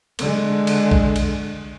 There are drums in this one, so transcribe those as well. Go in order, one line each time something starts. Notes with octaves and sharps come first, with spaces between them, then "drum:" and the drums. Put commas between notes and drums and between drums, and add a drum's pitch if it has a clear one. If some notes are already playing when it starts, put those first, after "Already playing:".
D3 G#3, drum: cymbal
drum: cymbal
drum: kick A#1
drum: cymbal